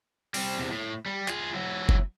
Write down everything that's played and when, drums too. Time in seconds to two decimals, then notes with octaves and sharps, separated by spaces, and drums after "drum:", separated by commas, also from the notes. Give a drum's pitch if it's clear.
0.34 G3 C4, drum: open hi-hat
0.58 E2 C3
0.71 A2
1.06 G3
1.28 F4 G#4, drum: clap
1.54 F#3 E4
1.89 drum: kick F#1